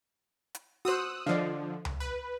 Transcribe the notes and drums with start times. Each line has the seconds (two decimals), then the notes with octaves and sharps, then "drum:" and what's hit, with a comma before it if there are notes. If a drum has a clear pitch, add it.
0.55 drum: hi-hat
0.85 F#4 C5 D#6 E6 F#6
1.26 D3 F3 D5 D#5 F5
1.85 drum: tom C#2
2.00 B4